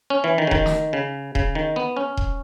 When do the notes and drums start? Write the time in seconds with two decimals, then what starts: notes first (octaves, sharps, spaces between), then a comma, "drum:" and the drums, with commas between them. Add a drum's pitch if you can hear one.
0.10 C#4
0.24 E3
0.38 D#3
0.47 C#3
0.51 D#3, drum: kick D#1
0.66 drum: snare
0.93 C#3
1.35 C#3, drum: kick D#1
1.55 D#3
1.76 B3
1.97 C#4
2.17 drum: kick D#1